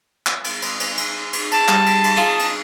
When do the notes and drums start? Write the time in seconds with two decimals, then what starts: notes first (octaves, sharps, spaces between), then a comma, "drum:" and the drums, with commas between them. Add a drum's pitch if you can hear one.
0.27 drum: clap
0.44 drum: cymbal
0.62 drum: cymbal
0.80 drum: cymbal
0.97 drum: cymbal
1.33 drum: cymbal
1.51 A5, drum: cymbal
1.68 G3, drum: clap
1.86 drum: cymbal
2.04 drum: cymbal
2.17 D#4 F4 G#4
2.39 drum: cymbal